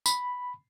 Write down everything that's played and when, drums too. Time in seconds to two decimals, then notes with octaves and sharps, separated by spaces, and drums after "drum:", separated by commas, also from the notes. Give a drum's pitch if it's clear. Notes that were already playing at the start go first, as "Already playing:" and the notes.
0.06 B5, drum: tambourine